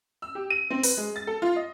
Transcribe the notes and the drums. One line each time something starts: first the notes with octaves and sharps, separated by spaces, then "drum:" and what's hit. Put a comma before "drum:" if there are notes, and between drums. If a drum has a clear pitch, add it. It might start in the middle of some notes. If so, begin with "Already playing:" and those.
E6
G4
D#7
C4
B4, drum: open hi-hat
G#3
A6
A4
F4
D#5